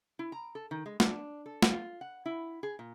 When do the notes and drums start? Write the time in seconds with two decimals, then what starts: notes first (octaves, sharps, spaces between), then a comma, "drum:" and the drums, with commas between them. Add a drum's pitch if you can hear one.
0.19 E4
0.32 A#5
0.55 A4
0.71 D#3
0.86 G#3
1.00 D4, drum: snare
1.46 A4
1.62 drum: snare
1.72 F4
2.01 F#5
2.26 E4
2.63 G#4
2.79 A#2